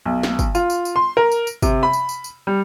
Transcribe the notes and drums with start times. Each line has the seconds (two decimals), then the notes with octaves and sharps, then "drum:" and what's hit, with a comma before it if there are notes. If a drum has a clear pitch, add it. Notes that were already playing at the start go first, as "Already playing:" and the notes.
0.05 B1
0.23 drum: snare
0.39 drum: kick, tambourine
0.55 F4, drum: tambourine
0.70 drum: tambourine
0.85 drum: tambourine
0.96 C6
1.17 A#4
1.32 drum: tambourine
1.47 drum: tambourine
1.62 C3, drum: kick, tambourine
1.83 B5
1.93 drum: tambourine
2.09 drum: tambourine
2.24 drum: tambourine
2.47 G3